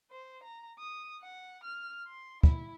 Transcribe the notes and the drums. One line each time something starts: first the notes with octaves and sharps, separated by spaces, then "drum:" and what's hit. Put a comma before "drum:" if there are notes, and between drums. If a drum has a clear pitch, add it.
C5
A#5
D#6
F#5
F6
C6
E4, drum: kick